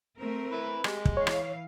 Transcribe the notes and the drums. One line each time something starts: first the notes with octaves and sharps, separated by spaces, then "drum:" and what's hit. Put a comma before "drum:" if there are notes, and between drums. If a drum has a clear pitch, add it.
A3 C4 A#4
E4 B4
G#3 G4, drum: rim click
drum: kick
E3 C#5 F5
drum: rim click